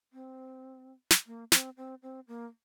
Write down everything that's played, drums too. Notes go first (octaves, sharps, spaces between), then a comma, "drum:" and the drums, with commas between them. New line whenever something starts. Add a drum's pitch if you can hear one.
C4
drum: snare
A#3
C4, drum: snare
C4
C4
A#3